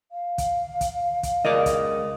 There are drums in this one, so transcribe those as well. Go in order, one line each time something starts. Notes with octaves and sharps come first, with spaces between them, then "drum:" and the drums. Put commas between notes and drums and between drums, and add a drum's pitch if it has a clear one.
F5
drum: kick, hi-hat
drum: kick, hi-hat
drum: kick, hi-hat
C#2 A#4 D5 D#5
drum: kick, hi-hat